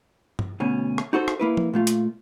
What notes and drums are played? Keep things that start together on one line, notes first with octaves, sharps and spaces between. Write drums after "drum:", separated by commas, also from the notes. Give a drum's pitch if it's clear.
drum: tom G2
D2 B2 C#4
drum: rim click
D#4 F#4 A4 C5
drum: rim click
A#3 E4 B4
drum: tom F3
A#2 A3 F4
drum: hi-hat